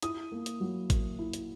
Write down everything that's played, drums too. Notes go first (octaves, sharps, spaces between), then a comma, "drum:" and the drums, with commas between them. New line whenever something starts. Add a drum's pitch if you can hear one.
E4 D#6, drum: hi-hat
A#3
drum: hi-hat
F#3
A#3, drum: kick G#1, hi-hat
E4
drum: hi-hat